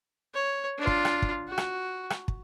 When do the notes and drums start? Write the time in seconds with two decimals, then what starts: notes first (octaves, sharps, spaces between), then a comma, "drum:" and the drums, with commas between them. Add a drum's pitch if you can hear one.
0.34 C#5
0.78 D4 F4
0.87 drum: kick
1.05 drum: rim click
1.22 drum: kick
1.48 F#4
1.58 drum: rim click
2.10 drum: rim click
2.28 drum: kick